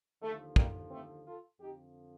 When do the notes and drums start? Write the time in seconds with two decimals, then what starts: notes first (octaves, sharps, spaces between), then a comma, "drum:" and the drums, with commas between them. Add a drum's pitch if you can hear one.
0.22 D#2 D3 F3 A3
0.56 G3 A#3, drum: kick
0.91 A3 C4
1.26 F4 A4
1.60 F2 D3 F3 D#4 G4